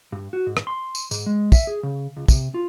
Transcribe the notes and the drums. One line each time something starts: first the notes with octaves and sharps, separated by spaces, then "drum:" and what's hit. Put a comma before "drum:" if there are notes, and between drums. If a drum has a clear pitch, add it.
G2
F#4
G#2
drum: rim click
C6
drum: tambourine
G#2, drum: tambourine
G#3
E5, drum: kick, tambourine
G#4
C#3
C#2
C3, drum: kick, tambourine
F4